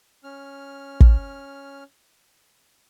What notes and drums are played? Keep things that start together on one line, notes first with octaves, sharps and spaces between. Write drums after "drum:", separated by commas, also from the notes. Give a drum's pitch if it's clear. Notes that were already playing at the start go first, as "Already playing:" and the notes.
C#4 F6
drum: kick